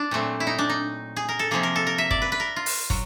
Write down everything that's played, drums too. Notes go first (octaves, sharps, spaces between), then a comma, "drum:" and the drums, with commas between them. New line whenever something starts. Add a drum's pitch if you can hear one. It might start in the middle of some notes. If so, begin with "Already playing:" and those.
Already playing: D4
A#2 F#3 A3 C4
E4
D#4
D4
D#4
G#4
A#4
A4
C3 F3 A#3 G#4
A#4
A4
A#4
E5
D5, drum: kick
B4
B4
A#4
F4
drum: open hi-hat
F#3, drum: kick